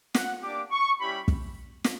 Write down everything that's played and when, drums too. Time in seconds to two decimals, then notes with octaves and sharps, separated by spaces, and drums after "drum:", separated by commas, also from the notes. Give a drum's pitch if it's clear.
0.14 F#5, drum: snare
0.42 A#3 D4 G4 D6
0.71 C#6
0.99 G3 C#4 E4 G4 B5
1.28 drum: kick
1.84 drum: snare